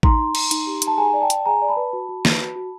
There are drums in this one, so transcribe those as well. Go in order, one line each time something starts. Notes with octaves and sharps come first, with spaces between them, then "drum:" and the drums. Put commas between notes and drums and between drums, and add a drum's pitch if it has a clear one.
D#4 A#5 C6, drum: kick A1
D#4
D#4, drum: cymbal
D#4, drum: hi-hat
G4
D#4, drum: hi-hat
A5
G#4 G#5 A#5
D5
G5 A5
D5, drum: hi-hat
G#4 G#5 A#5
D5
A5 B5
B4
F#4
F#4
B4, drum: snare
F#4
F#4